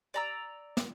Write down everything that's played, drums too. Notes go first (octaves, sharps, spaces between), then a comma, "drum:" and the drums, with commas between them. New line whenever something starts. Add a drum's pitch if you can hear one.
D5 A#5 E6
drum: snare